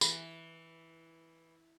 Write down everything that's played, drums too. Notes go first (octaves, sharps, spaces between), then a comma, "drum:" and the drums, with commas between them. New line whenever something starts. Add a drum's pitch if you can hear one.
E3 B5, drum: tambourine